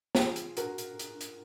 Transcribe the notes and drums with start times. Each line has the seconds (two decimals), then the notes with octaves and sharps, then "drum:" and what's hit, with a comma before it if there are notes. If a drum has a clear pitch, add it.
0.15 F4 G#4, drum: snare
0.36 drum: hi-hat
0.57 F#4 A#4, drum: hi-hat
0.78 drum: hi-hat
0.99 drum: hi-hat
1.21 drum: hi-hat